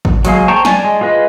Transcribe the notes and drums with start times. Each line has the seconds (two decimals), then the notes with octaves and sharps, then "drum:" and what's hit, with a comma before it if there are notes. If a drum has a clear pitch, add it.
0.05 drum: kick
0.25 F#3 G#3 A#3 G#4, drum: hi-hat
0.48 C5 G5 A5 A#5 C#6
0.65 D5 G#5, drum: snare
0.85 G#3
1.01 F4 G#4 B4 D#5